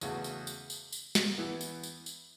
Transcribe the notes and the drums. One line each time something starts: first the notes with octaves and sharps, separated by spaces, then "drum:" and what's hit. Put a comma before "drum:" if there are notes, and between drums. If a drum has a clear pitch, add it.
E2 C#3 A3 F#4, drum: tambourine
drum: tambourine
drum: tambourine
drum: tambourine
drum: tambourine
drum: snare
E2 E3 B3 E4
drum: tambourine
drum: tambourine
drum: tambourine